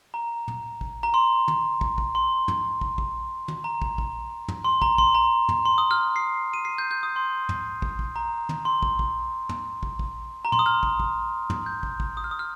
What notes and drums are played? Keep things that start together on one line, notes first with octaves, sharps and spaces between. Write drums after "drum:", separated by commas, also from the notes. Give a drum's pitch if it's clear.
A#5
drum: tom
drum: kick
A#5
C6
drum: tom
drum: kick
drum: kick
C6
drum: tom
drum: kick
drum: kick
drum: tom
A#5
drum: kick
drum: kick
drum: tom
C6
A#5, drum: kick
C6, drum: kick
A#5
drum: tom
C6
D#6
F6
C7
D#7
C7
G6
G6
D#6
C6
drum: tom
drum: kick
drum: kick
A#5
drum: tom
C6
drum: kick
drum: kick
drum: tom
drum: kick
drum: kick
A#5
C6, drum: tom
D#6
F6
drum: kick
drum: kick
drum: tom
G6
drum: kick
drum: kick
D#6
F6
D#6
F6